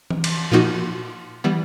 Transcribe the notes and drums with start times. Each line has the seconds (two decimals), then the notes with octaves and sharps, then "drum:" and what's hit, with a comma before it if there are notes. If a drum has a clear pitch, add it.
0.10 drum: tom E3
0.24 drum: cymbal
0.51 A#2 F3 A#3 D#4 F#4
1.44 E3 G3 B3